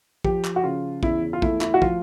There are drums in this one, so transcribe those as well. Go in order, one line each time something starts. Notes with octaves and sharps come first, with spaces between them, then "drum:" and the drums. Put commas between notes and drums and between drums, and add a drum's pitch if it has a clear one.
F3 G4, drum: kick
drum: clap
F#4
C#3 F4
E2 E4, drum: kick
F4
A3 E4, drum: kick
E4, drum: clap
F#4
F3 F4, drum: kick